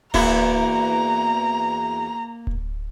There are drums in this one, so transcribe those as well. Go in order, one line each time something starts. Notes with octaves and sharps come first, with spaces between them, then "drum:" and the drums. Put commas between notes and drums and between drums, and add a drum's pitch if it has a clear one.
E2 A#3 E4 F#4 A#5, drum: kick D1
drum: kick D1